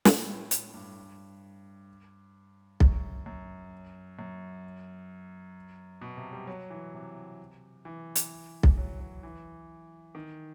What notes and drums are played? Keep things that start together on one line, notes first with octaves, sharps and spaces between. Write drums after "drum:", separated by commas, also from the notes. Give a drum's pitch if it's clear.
A2, drum: snare
A2, drum: hi-hat
G2
F#2, drum: kick B1
F#2
F#2
B2
C3
G3
F#3
E3
C3
E3
drum: hi-hat
drum: kick B1
F#3
F#3
E3
D#3